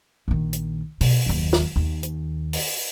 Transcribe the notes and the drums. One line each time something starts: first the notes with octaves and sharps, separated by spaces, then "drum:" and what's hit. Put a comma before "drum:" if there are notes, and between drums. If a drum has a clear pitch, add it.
A#1 D#3
drum: hi-hat
B2, drum: open hi-hat
F#1 D#2
drum: snare
D#2
drum: hi-hat
drum: open hi-hat